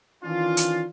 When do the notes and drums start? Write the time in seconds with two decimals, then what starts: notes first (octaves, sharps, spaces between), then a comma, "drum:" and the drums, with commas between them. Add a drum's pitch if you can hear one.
0.24 D#3 E3 C#4 D4 F4
0.57 drum: hi-hat